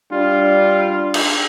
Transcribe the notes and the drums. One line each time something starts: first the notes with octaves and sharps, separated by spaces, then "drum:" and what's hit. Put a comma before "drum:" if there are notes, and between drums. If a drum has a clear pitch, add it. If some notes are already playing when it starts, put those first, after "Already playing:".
G3 D4 F4
drum: cymbal